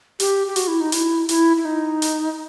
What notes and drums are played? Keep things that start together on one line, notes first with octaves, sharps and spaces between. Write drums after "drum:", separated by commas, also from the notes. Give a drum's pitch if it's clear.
G4, drum: hi-hat
G4
F#4, drum: hi-hat
E4
D#4
E4, drum: hi-hat
E4, drum: hi-hat
E4
D#4
drum: hi-hat